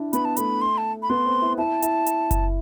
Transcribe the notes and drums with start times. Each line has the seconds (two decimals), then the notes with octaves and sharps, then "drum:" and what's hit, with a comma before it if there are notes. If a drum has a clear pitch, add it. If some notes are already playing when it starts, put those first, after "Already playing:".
Already playing: D4 E4
0.13 B3 B5, drum: hi-hat
0.25 A5
0.37 A3 B5, drum: hi-hat
0.62 C6
0.78 A5
1.03 B5
1.10 B3 C6
1.26 C4
1.42 E4
1.58 E4 A5
1.82 E4, drum: hi-hat
2.06 drum: hi-hat
2.31 drum: kick F#1, hi-hat